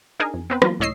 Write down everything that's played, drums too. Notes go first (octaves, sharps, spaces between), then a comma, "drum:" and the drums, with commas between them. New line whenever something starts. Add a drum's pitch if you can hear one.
D4 D#4 G#4 A#4 G#5
F2
B3 C4 B4
E3 F#3 A#3 F4, drum: rim click
C#2 A2 C#5 D#5 E6 C7